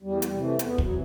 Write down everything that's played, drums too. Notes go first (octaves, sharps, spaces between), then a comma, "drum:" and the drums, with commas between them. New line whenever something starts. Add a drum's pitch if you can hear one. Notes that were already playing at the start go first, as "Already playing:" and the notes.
E2 G3
A3
G3, drum: hi-hat
C3 E3
A3
E2 B3, drum: hi-hat
F#3, drum: kick
C3 E3